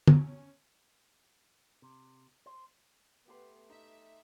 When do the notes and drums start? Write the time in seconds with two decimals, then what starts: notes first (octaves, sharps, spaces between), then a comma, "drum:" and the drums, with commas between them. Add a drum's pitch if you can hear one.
0.08 C#4, drum: tom
1.82 C3
2.46 C5
3.28 A3 B3 G4 C6
3.70 D#4 E5